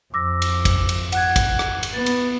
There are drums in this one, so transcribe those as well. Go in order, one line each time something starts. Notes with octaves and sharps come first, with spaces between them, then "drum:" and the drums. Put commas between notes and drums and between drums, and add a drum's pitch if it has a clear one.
F2 D6 E6 A#6
drum: cymbal
drum: kick, cymbal
drum: cymbal
F#5 F#6 G#6, drum: cymbal
drum: kick, cymbal
drum: rim click
drum: cymbal
B3 A6
drum: cymbal